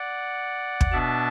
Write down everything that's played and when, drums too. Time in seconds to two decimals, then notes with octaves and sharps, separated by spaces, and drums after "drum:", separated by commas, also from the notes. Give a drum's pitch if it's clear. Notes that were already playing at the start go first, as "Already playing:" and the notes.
Already playing: D5 F#5
0.81 drum: kick
0.92 B2 B3 D4 E5 A5